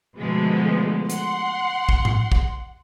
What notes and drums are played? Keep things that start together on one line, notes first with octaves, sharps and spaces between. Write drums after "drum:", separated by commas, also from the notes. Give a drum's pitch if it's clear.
B2 D3 F3 G#3 A3 B3
F#5 C6, drum: hi-hat
drum: kick
drum: tom A2
drum: kick